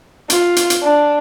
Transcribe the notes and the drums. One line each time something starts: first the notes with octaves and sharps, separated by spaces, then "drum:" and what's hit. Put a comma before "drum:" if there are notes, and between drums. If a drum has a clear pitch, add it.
F4, drum: hi-hat
drum: hi-hat
drum: hi-hat
D4